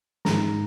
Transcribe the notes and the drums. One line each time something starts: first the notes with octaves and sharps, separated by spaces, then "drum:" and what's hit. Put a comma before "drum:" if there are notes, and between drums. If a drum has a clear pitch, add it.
G#2 D#3 G#3 A#5, drum: snare